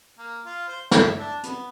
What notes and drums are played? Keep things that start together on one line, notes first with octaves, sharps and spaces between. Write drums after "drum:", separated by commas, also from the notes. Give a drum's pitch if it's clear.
A#3
F4
C5
E5, drum: snare
D4
B3, drum: hi-hat